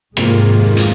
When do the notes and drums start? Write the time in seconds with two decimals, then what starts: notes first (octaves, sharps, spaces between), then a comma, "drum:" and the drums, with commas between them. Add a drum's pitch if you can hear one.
0.17 F2 G#2 C3 D#3 G#3 A#3 F4, drum: rim click
0.77 drum: hi-hat